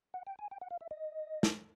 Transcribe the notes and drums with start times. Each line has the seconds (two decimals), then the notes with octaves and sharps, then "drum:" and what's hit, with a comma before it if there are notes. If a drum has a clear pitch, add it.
0.14 F#5
0.27 G5
0.39 G#5
0.51 G5
0.61 F#5
0.71 F5
0.81 E5
0.91 D#5
1.43 drum: snare